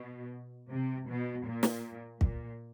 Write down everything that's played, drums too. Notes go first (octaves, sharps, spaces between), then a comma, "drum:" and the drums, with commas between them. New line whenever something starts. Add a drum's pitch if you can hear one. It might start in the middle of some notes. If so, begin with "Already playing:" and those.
Already playing: B2
C3
B2
A#2
drum: snare
A#2, drum: kick